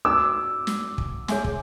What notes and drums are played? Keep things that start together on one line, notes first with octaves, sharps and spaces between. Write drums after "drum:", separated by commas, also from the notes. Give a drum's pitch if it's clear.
D#4 F#4 B4 D5 D6 E6
drum: snare
drum: kick
G#4 C#5 E5 G#5 C6, drum: snare
drum: kick